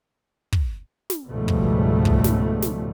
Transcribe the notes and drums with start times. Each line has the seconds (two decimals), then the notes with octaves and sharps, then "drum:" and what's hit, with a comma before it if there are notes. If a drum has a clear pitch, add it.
0.53 drum: kick
1.10 drum: snare
1.29 C#2 G#2 B2 F3 G3 A3
1.48 drum: kick
2.05 drum: kick
2.24 drum: snare
2.62 drum: snare